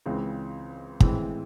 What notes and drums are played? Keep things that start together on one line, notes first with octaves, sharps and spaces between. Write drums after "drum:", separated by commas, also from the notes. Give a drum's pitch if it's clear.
C#2 C#3 E3 G#3 C4
A2 E3 G#3 C4, drum: kick